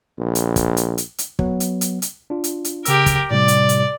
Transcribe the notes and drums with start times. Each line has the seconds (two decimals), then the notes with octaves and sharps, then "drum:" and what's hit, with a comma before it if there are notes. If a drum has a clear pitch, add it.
0.19 A#1
0.35 drum: hi-hat
0.56 drum: kick, hi-hat
0.77 drum: hi-hat
0.98 drum: hi-hat
1.18 drum: hi-hat
1.39 F#3 B3, drum: kick
1.60 drum: hi-hat
1.81 drum: hi-hat
2.02 drum: hi-hat
2.30 D4 F4
2.44 drum: hi-hat
2.65 drum: hi-hat
2.85 C#3 G4 A#4 E6, drum: hi-hat
3.06 drum: kick, hi-hat
3.31 A2 C3 G3 D5
3.48 drum: hi-hat
3.69 drum: hi-hat